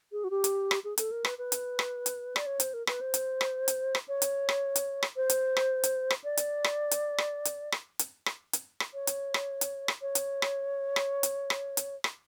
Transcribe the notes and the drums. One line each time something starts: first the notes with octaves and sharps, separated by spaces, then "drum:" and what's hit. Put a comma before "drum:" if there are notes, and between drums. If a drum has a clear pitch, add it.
G#4
F#4
G4
drum: hi-hat
drum: rim click
G#4
A4, drum: hi-hat
A#4
B4, drum: rim click
B4
drum: hi-hat
drum: rim click
drum: hi-hat
D5, drum: rim click
C#5
C5, drum: hi-hat
A#4
B4, drum: rim click
C5
drum: hi-hat
drum: rim click
drum: hi-hat
drum: rim click
C#5
drum: hi-hat
drum: rim click
drum: hi-hat
drum: rim click
C5
drum: hi-hat
drum: rim click
drum: hi-hat
drum: rim click
D5
drum: hi-hat
drum: rim click
drum: hi-hat
drum: rim click
drum: hi-hat
drum: rim click
drum: hi-hat
drum: rim click
drum: hi-hat
drum: rim click
C#5
drum: hi-hat
drum: rim click
drum: hi-hat
drum: rim click
C#5
drum: hi-hat
drum: rim click
drum: rim click
drum: hi-hat
drum: rim click
drum: hi-hat
drum: rim click